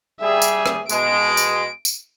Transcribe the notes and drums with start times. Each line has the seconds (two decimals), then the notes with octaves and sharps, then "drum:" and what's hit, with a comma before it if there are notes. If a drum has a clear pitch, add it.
0.21 G3 G#4 E5
0.42 drum: tambourine
0.66 drum: rim click
0.89 B2 G#3 D7, drum: tambourine
1.37 drum: tambourine
1.85 drum: tambourine